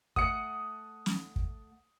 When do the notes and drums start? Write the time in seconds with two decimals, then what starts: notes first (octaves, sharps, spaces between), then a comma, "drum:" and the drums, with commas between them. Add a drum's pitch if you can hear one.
0.16 A3 F#5 D#6 C#7, drum: kick
1.06 drum: snare
1.36 drum: kick